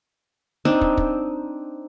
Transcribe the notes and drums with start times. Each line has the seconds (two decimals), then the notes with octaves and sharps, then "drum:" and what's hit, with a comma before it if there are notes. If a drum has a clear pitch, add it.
0.65 C4 D4 D#4
0.81 drum: kick
0.97 drum: kick